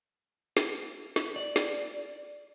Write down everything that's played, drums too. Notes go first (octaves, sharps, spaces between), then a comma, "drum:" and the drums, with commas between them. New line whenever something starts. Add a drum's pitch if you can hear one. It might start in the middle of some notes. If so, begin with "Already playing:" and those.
drum: snare
drum: snare
D5
drum: snare